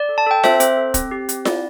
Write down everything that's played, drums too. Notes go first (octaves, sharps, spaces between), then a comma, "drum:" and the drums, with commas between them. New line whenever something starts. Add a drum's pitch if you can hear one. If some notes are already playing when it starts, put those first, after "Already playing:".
Already playing: D5
A4
A5
A4 G5
C4 C5 E5, drum: snare F4
C4 C5, drum: hi-hat
A4
C4, drum: kick, hi-hat
G4
C4, drum: hi-hat
E4 D5, drum: snare F4